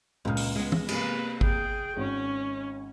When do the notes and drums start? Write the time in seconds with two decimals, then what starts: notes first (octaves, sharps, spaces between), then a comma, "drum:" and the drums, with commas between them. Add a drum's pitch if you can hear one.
0.25 C#2 A#2 D#4 F6
0.37 drum: open hi-hat
0.56 G#3 B3
0.72 drum: tom E3
0.89 C3 A#3 B4, drum: cymbal
1.41 G#4 G5, drum: kick G#1
1.97 G#1 C#4